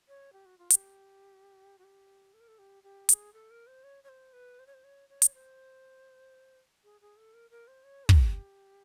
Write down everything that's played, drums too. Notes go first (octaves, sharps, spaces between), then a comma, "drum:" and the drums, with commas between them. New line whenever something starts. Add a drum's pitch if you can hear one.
C#5
G4
F#4
F4
G4, drum: hi-hat
F#4
G4
A4
A#4
A4
G4
G4
G#4, drum: hi-hat
A4
A#4
C5
C#5
C#5
C5
B4
C5
C#5
C5
C#5
C#5
drum: hi-hat
C5
G#4
G#4
A4
A#4
A#4
C5
C#5
G4, drum: kick